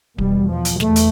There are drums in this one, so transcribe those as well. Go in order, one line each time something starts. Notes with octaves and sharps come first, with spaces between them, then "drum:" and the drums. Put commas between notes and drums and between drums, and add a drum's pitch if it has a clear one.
E2 B2 G3, drum: kick D1
F3
drum: hi-hat
E2 A3, drum: snare
drum: hi-hat